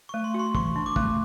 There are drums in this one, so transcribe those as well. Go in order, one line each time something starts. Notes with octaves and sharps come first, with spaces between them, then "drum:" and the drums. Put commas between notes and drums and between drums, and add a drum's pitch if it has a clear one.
A3 C#6
C6
F#4
C6
E3 C#6, drum: kick
D4
D6
A3, drum: kick